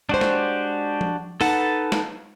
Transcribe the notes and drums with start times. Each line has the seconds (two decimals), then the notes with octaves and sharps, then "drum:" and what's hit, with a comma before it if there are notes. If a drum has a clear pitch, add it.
0.09 G#3 D4 F#4 G4 C5
0.21 drum: snare
1.01 drum: tom F3
1.41 D#4 A4 B4 F#5 A5, drum: open hi-hat
1.92 drum: snare